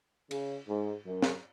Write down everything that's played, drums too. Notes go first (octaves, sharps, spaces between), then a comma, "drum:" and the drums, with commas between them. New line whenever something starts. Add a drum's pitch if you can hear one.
C#3, drum: cymbal
G#2
F#2
drum: snare